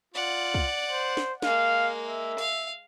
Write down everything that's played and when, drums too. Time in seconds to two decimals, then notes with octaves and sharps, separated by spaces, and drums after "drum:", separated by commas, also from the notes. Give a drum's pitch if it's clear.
0.14 F4 D5 F#5
0.54 drum: kick
0.91 C5
1.17 drum: snare
1.42 G#3 A#3 F5, drum: snare
2.06 E5
2.38 F5, drum: open hi-hat